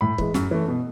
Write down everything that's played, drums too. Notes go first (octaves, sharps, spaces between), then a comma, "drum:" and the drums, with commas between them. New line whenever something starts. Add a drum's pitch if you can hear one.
A2 B5
E3 G#3, drum: kick
F#2, drum: snare
E3 A3
B2